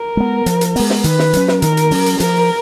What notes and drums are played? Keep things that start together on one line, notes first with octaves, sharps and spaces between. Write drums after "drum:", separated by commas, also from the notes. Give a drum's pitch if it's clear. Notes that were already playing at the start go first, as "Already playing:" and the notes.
Already playing: A#4
G#3 B3
F3, drum: hi-hat
drum: hi-hat
G#3 B3, drum: open hi-hat
drum: snare
D#3 B4, drum: hi-hat
drum: snare
F#3 C#4, drum: hi-hat
drum: snare
D#3 A#4, drum: hi-hat
drum: hi-hat
F#3 C#4, drum: open hi-hat
drum: hi-hat
F3 A#4, drum: hi-hat